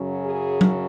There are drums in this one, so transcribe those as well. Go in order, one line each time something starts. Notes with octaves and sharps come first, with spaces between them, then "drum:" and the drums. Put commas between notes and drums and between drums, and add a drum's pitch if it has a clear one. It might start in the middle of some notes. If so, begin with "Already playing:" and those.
Already playing: F#2 C#3 F#3 C#4
G#4
drum: tom F#3